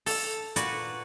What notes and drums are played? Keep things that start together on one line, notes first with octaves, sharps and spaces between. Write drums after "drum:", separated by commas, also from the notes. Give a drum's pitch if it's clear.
A4, drum: open hi-hat
A#2 F#4 B4 D5, drum: hi-hat